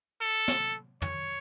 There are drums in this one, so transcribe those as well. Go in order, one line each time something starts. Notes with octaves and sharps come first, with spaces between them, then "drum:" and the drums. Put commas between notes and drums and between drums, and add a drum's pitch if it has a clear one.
A4
drum: snare
C#5, drum: tom